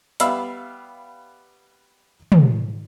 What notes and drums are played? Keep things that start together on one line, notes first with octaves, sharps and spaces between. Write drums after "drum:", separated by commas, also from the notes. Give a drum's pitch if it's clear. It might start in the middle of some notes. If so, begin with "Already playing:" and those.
G3 B3 E5 F5 B5 E6, drum: hi-hat
drum: tom